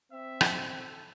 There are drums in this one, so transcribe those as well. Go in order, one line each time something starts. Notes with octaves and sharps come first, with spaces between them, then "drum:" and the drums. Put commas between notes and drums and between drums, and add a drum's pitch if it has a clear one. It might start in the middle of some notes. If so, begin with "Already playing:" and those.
C4 E5
drum: rim click
A4